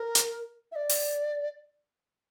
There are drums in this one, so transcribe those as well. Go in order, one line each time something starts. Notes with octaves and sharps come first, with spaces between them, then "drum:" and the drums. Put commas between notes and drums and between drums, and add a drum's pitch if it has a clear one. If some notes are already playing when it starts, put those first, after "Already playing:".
Already playing: A#4
drum: hi-hat
E5
D5
drum: open hi-hat